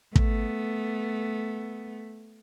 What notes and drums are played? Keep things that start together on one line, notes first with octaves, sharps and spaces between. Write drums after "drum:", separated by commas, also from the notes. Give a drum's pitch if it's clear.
A3 B3, drum: kick